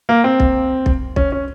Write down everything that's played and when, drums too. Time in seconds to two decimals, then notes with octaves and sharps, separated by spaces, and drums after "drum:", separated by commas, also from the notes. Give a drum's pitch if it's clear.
0.09 A#3
0.24 C4
0.40 drum: kick B1
0.86 drum: kick B1
1.16 C#4, drum: kick B1
1.32 C#4